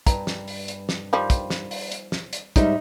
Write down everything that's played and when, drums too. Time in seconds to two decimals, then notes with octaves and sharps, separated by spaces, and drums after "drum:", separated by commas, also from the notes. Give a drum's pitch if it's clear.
0.06 G2 A#5, drum: kick, hi-hat
0.27 drum: snare
0.48 drum: open hi-hat
0.68 drum: hi-hat
0.89 drum: snare
1.13 D#3 F3 G3
1.30 drum: kick, hi-hat
1.50 drum: snare
1.71 drum: open hi-hat
1.92 drum: hi-hat
2.12 drum: snare
2.33 drum: hi-hat
2.56 G#2 G3 D#4 E5, drum: kick, hi-hat